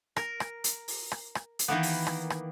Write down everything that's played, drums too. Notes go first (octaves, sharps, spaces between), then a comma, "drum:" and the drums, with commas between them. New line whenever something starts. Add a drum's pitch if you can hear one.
A#4, drum: rim click
drum: rim click
drum: hi-hat
drum: open hi-hat
drum: rim click
drum: rim click
drum: hi-hat
D#3 E3 A#3 B3
drum: open hi-hat
drum: rim click
drum: rim click